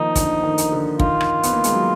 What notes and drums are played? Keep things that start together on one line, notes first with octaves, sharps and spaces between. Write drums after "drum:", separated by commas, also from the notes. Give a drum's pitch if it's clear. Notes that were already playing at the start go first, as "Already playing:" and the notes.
Already playing: D#3 F3 A#3 D#4
D3, drum: kick, hi-hat
D#3
drum: hi-hat
D3
D#3 F4, drum: kick
drum: rim click
B3, drum: hi-hat
A#3
G#3, drum: hi-hat
F#3